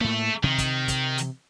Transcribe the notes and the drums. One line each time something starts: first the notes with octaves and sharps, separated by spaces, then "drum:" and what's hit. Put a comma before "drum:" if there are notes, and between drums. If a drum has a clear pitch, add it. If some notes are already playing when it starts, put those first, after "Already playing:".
A2 A3 A#3
C3 D#3
drum: kick, hi-hat
drum: kick, hi-hat
drum: hi-hat